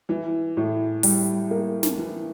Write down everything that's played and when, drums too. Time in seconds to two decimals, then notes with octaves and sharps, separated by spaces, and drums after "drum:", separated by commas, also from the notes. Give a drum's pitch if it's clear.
0.09 E3
0.57 A2
1.03 G3, drum: open hi-hat
1.51 A#3
1.83 drum: snare
1.98 E3